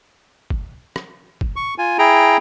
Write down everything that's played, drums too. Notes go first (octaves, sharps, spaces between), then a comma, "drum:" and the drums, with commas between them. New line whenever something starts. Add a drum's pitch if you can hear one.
drum: kick
drum: rim click
drum: kick
C#6
F4 G#5
E4 G#4 G5 A#5